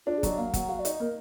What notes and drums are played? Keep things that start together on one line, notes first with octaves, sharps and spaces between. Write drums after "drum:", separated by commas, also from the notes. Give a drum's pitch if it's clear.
D4 F4
G#4
F#3 D#5, drum: kick, hi-hat
A#3 F5
F#3 F#5, drum: kick, hi-hat
F#4 F5
D5
D#4, drum: hi-hat
A#3 A#4